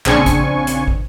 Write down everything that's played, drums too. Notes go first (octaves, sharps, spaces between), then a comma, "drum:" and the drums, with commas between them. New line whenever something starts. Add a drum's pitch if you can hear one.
A#1 C#3 C4 D4 G#5 C#6, drum: clap
drum: kick, hi-hat
drum: hi-hat
drum: kick